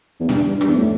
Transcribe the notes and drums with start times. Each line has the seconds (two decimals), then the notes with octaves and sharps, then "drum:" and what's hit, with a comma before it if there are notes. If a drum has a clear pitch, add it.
0.20 E2
0.29 G2, drum: snare
0.49 G2
0.61 G2, drum: rim click
0.68 E2
0.77 A2